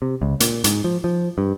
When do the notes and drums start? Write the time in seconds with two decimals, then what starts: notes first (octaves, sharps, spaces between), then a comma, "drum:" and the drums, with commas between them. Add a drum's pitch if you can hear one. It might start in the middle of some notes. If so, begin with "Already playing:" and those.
0.02 C3
0.22 C#2
0.40 A#2, drum: hi-hat
0.64 G#2, drum: hi-hat
0.84 F3
1.04 F3
1.38 G2